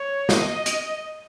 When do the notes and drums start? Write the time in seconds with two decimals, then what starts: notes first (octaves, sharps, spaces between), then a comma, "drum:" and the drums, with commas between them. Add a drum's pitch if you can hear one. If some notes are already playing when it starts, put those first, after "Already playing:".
Already playing: C#5
0.29 D#5, drum: snare
0.66 drum: hi-hat